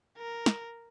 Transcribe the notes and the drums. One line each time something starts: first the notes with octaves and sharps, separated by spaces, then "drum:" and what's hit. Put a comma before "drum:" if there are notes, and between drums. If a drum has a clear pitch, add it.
A#4
drum: snare